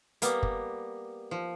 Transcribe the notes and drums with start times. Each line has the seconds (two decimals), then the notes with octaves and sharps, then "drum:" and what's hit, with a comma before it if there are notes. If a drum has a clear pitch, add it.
0.22 G3 A#3 B3, drum: hi-hat
0.43 drum: kick
1.31 F3